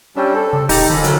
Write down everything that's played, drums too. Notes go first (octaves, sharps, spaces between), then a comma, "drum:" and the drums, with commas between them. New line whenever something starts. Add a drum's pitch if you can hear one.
G3 C#4 D4 E5 G5
C4 A4
C#3 D4
D#1 D#4 G4 A4, drum: open hi-hat
D#3 C#4 F4 B5 E6
D3 F#3 E4 A#4, drum: hi-hat